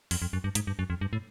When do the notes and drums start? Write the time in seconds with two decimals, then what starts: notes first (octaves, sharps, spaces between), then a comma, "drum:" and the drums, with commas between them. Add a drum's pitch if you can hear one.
0.11 F2, drum: open hi-hat
0.22 F2
0.33 F#2
0.44 G2
0.55 G#2, drum: hi-hat
0.67 G2
0.79 F#2
0.90 F2
1.01 G2
1.13 A2